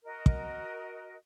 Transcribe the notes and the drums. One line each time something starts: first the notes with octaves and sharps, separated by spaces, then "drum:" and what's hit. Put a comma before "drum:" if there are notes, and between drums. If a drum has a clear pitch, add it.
F#4 A#4 D#5
drum: kick